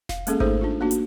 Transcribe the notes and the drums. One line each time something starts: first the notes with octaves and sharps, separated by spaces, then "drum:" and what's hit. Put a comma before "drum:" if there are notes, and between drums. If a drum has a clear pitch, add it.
F5, drum: snare E1
G#3 A#3 C#4 G#4 A4, drum: hi-hat
A3 D#4 G#4 A4 C5, drum: kick G#1
D4 F4
A#3 D4 F#4
drum: hi-hat